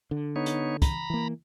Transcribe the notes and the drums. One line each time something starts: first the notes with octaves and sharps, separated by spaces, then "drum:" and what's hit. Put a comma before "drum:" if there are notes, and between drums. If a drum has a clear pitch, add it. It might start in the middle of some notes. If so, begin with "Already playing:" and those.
D3
B3 D#4 C#5
drum: hi-hat
A#5 B5, drum: kick, hi-hat
E3 A#3